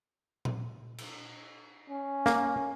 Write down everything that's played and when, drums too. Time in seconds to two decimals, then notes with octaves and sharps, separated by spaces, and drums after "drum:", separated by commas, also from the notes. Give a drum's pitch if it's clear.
0.45 drum: tom A#2
0.98 drum: cymbal
1.90 C#4
2.26 A#3, drum: snare